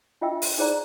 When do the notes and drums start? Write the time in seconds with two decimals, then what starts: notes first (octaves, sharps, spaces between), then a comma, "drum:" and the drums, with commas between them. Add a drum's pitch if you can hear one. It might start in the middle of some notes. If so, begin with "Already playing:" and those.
0.21 D4 F4 D#5 E5 G5 E6
0.42 drum: open hi-hat
0.58 D#4 G#4 C5 D5 A#5